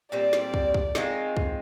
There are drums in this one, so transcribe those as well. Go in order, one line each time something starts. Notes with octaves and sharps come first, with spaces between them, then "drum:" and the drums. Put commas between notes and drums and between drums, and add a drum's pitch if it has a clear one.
A#2 G3 C4 D5
drum: snare
drum: kick
drum: kick
D#3 G#3 C4 F4, drum: snare
drum: kick